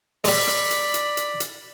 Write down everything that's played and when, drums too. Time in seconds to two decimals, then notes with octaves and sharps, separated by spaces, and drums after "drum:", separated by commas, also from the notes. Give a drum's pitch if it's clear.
0.24 G3 G#3 D5 B5, drum: open hi-hat
0.48 drum: rim click
0.71 drum: hi-hat
0.94 drum: hi-hat
1.17 drum: hi-hat
1.40 drum: hi-hat